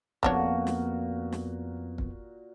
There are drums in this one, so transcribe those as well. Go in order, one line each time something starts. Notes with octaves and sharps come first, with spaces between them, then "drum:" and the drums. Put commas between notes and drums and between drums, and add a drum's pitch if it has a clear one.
F2 A#2 D3 B3 D4 F#4 C#5, drum: kick
drum: snare
drum: snare
drum: kick